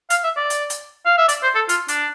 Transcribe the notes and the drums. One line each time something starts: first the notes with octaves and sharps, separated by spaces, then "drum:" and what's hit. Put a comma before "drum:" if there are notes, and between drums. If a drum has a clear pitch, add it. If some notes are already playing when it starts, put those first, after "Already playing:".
F5, drum: hi-hat
E5
D5
drum: hi-hat
drum: hi-hat
F5
E5
D5, drum: hi-hat
C5
A4
F4, drum: hi-hat
D4, drum: hi-hat